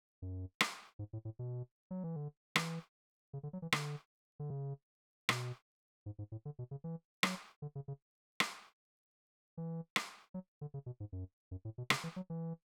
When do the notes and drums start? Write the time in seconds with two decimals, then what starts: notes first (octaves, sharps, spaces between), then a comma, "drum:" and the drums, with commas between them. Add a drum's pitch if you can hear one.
0.22 F#2
0.61 drum: rim click
0.99 G#2
1.13 A2
1.25 A2
1.39 B2
1.91 F#3
2.04 E3
2.16 D3
2.56 E3, drum: rim click
3.33 C#3
3.43 D3
3.53 F#3
3.62 E3
3.72 D3, drum: rim click
4.40 D3
4.50 C#3
5.29 B2, drum: rim click
6.06 G#2
6.19 G#2
6.32 A2
6.45 D3
6.59 B2
6.71 C#3
6.84 E3
7.23 F#3, drum: rim click
7.62 D3
7.75 C#3
7.88 C#3
8.40 drum: rim click
9.57 E3
9.96 drum: rim click
10.34 F#3
10.61 D3
10.74 C#3
10.86 B2
11.00 G#2
11.12 F#2
11.51 F#2
11.65 A2
11.78 B2
11.90 C#3, drum: rim click
12.04 E3
12.16 F#3
12.30 E3